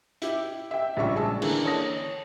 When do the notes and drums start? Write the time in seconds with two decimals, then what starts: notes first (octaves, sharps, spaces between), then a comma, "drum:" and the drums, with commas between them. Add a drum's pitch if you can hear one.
0.22 E4 G4, drum: hi-hat
0.71 E5 G5
0.97 A#1 C#3 G3 E5 C#6
1.16 G#3 G#4 A5 E6
1.42 D3 E3 A#3, drum: cymbal
1.65 C#5 A5 D#6 A#6